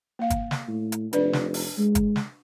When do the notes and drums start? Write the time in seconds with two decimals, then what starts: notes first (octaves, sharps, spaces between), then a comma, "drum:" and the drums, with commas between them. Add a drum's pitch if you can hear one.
0.19 A#3 F5
0.30 drum: kick, hi-hat
0.51 drum: snare
0.68 A2
0.92 drum: hi-hat
1.13 F1 D4 B4 D5, drum: hi-hat
1.33 drum: snare
1.54 drum: open hi-hat
1.78 G#3
1.95 drum: kick, hi-hat
2.16 drum: snare